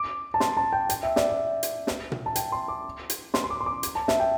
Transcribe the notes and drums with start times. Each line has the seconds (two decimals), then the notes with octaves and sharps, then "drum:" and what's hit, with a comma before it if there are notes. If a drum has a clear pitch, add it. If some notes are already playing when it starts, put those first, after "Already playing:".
Already playing: D6
0.34 A5
0.40 C6, drum: snare
0.57 A5
0.73 G5
0.90 G5, drum: hi-hat
1.03 E5
1.16 D5, drum: snare
1.30 E5
1.63 drum: hi-hat
1.87 drum: snare
2.12 drum: tom A#2
2.26 A5
2.36 G5, drum: hi-hat
2.52 C6
2.68 D6
3.10 drum: hi-hat
3.34 C6, drum: snare
3.44 C6
3.50 D6
3.60 C6
3.66 D6
3.83 drum: hi-hat
3.95 A5
4.08 E5, drum: snare
4.20 G5